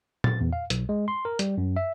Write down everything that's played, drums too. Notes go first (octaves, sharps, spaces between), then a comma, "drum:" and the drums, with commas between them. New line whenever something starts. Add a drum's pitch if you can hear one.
A6, drum: tom A#2
E2
F5
B1, drum: hi-hat
G#3
C6
A#4
G3, drum: hi-hat
F#2
E5